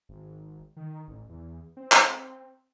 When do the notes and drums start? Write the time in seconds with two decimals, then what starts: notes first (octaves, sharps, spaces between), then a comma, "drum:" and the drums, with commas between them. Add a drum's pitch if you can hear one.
0.09 G#1
0.77 D#3
1.08 A1
1.29 E2
1.77 C4
1.92 drum: clap